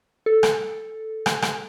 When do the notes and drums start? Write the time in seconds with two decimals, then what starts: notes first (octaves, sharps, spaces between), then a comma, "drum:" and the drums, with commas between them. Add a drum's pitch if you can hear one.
0.26 A4
0.43 drum: rim click
1.26 drum: rim click
1.42 drum: rim click